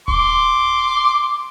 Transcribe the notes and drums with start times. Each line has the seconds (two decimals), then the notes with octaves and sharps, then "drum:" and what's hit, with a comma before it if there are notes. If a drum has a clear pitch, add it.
0.08 C6 D6, drum: kick D#1